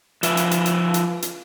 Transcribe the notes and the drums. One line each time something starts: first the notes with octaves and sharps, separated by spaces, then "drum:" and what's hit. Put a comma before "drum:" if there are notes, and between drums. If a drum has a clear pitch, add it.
F3 B4 E5, drum: hi-hat
drum: hi-hat
drum: hi-hat
drum: hi-hat
drum: hi-hat
drum: hi-hat